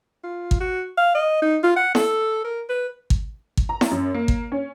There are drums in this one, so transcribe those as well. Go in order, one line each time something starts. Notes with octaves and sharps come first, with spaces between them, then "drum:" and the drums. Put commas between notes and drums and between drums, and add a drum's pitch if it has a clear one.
F4
drum: kick
F#4
F5
D#5
D#4
F4
F#5
A4, drum: snare E4
A#4
B4
drum: kick
drum: kick
A#5
drum: snare E4
F#2
A#3
drum: kick
C#4